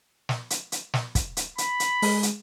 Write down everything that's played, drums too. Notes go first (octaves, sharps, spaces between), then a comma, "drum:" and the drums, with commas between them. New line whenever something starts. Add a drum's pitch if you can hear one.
drum: snare
drum: hi-hat
drum: hi-hat
drum: snare
drum: kick, hi-hat
drum: hi-hat
B5, drum: hi-hat
drum: hi-hat
G#3, drum: open hi-hat
drum: hi-hat